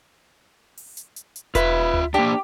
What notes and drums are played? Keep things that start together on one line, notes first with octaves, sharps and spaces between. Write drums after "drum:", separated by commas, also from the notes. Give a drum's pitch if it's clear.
drum: open hi-hat
drum: hi-hat
drum: hi-hat
drum: hi-hat
F4 B4 E5, drum: kick E1, hi-hat
drum: tom D2
A#3 D4 G4